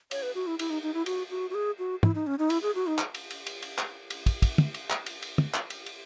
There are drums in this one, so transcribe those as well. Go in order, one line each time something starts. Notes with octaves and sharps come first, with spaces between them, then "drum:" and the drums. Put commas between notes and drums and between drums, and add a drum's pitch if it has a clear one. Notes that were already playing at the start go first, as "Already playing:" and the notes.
C#5, drum: cymbal
B4
F#4
E4
E4, drum: cymbal
D#4
D#4
E4
F#4, drum: cymbal
F#4
F#4
G#4
F#4
E4, drum: tom
D#4
C#4
D#4
E4, drum: cymbal
G#4
F#4
D#4
drum: clap
drum: cymbal
drum: cymbal
drum: cymbal
drum: cymbal
drum: clap
drum: cymbal
drum: kick, cymbal
drum: kick, cymbal
drum: tom
drum: cymbal
drum: clap
drum: cymbal
drum: cymbal
drum: tom
drum: clap
drum: cymbal
drum: cymbal